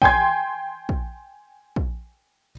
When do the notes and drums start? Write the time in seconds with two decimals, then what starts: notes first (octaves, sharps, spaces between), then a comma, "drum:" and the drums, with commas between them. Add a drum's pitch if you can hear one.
0.02 G5 G#5 C6 G#6, drum: kick
0.89 drum: kick
1.76 drum: kick